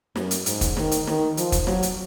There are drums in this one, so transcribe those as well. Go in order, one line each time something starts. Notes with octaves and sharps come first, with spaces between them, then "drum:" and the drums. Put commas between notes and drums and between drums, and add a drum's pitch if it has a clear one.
F#2, drum: snare
drum: hi-hat
G#2, drum: hi-hat
drum: kick, hi-hat
D#3, drum: snare
drum: hi-hat
D#3, drum: snare
F3, drum: hi-hat
drum: kick, hi-hat
F#3, drum: snare
drum: hi-hat